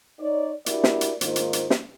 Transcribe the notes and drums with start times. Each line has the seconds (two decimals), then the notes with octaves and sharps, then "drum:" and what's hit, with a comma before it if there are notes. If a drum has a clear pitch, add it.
0.19 D#4 C#5 D5
0.66 D4 E4 F#4 G4 A#4 D5, drum: hi-hat
0.84 drum: snare
1.01 drum: hi-hat
1.21 G#2 D#3 A#3 F4 C5, drum: hi-hat
1.36 drum: hi-hat
1.53 drum: hi-hat
1.70 drum: snare